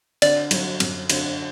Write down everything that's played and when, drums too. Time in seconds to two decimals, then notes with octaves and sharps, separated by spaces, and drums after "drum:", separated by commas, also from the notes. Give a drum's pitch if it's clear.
0.22 D3 D5, drum: cymbal
0.51 F#3, drum: cymbal
0.80 F#2, drum: cymbal
1.10 D3, drum: cymbal